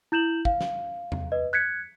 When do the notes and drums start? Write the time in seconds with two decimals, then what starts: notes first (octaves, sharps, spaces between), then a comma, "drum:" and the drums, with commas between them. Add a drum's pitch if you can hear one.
0.12 E4 G6 E7 F#7
0.45 F5, drum: kick
0.61 drum: snare
1.12 drum: tom E2
1.32 B4 D#5
1.53 F#6 G#6 B6 C#7